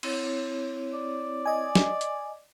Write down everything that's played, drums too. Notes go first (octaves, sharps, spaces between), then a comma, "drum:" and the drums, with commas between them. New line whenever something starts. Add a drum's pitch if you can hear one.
C4 E4 C#5, drum: cymbal
D5
D#5 G#5
drum: snare
drum: hi-hat